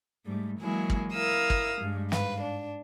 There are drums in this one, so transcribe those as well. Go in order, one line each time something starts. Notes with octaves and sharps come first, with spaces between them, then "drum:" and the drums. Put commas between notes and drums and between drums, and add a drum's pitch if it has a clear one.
G#2 G3 A3
E3 F#3 G#3 A#3 E4 G#4
drum: kick
E4 A#4 F5 D#6 E6
drum: kick
G2 G3 G#3
G#2 B4 F5, drum: snare
D4